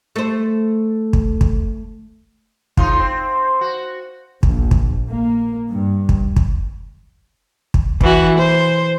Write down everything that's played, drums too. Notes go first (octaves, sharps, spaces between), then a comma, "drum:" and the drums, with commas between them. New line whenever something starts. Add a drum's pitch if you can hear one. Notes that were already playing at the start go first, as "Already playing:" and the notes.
A3 C5
drum: kick
drum: kick
G#2 D#4 F4, drum: kick
C4
F#4
A#1, drum: kick
drum: kick
A#3
G2
drum: kick
drum: kick
drum: kick
E3 F#4, drum: kick
C5